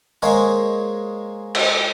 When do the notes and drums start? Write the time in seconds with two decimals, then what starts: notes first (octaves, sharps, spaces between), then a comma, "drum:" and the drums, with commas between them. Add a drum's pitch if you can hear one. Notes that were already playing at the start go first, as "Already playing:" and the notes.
0.22 G#3 A#3 G#4 C5 C#5 D#5
1.55 drum: cymbal